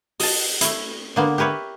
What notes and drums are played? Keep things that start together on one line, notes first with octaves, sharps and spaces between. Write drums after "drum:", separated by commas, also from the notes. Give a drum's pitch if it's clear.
D#5 A5, drum: open hi-hat
A3 E4, drum: hi-hat
D3 A#3 B3
G4 A#4 B4 C#5 E5